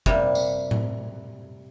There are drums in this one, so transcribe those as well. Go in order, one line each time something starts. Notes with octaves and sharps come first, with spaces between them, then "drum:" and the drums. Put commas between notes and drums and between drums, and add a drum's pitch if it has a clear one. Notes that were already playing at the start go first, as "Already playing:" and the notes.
C3 G3 A#3, drum: kick
drum: tambourine
drum: tom A2